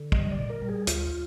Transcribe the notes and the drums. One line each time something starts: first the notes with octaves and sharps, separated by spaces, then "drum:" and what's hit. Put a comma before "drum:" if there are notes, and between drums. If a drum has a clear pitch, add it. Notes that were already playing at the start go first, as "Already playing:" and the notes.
Already playing: D3
G3 D#5, drum: kick
D5
A#2
A#4
G3
G#4
D2 F4, drum: hi-hat